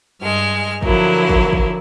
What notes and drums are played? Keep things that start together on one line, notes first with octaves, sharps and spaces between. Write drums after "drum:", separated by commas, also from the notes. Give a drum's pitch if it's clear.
G2 G#3 F6
D3 F3 F#3 A#3 E4, drum: kick
drum: kick
drum: kick